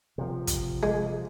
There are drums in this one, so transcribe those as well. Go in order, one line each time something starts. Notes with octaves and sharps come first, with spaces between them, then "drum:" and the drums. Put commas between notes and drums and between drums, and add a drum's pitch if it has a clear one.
C3 F3
drum: kick, hi-hat
G#3